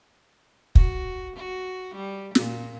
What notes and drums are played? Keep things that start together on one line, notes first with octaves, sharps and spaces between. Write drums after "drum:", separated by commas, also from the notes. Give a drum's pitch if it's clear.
F#4, drum: kick
F#4
G3
A#2, drum: snare